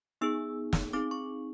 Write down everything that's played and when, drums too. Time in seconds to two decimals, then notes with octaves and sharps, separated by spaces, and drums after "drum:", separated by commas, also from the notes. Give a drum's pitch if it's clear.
0.21 B3 D#4 G#4 E6
0.73 drum: snare
0.93 C4 D#4 G#4 D6
1.11 C#6